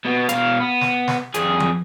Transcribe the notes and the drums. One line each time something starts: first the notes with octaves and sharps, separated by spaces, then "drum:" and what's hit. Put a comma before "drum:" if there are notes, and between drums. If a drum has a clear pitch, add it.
B2 B3
B2 F5, drum: hi-hat
B3
drum: snare
drum: snare
F2 G#4, drum: hi-hat
drum: tom F3